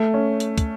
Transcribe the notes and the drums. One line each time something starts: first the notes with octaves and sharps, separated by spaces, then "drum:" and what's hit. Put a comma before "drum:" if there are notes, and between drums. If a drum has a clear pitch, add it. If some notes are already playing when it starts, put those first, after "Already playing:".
Already playing: A3
C#4
drum: hi-hat
drum: kick, hi-hat